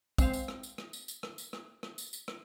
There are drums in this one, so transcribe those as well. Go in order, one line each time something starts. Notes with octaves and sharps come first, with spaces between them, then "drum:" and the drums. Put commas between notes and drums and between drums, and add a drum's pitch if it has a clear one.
G#3 C4 C5 F5, drum: kick, tambourine
drum: tambourine
drum: rim click
drum: tambourine
drum: rim click
drum: tambourine
drum: tambourine
drum: rim click
drum: tambourine
drum: rim click
drum: rim click
drum: tambourine
drum: tambourine
drum: rim click